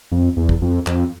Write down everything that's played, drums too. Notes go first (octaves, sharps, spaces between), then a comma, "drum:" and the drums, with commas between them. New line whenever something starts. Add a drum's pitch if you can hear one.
F2
E2
drum: kick
F2
F2, drum: clap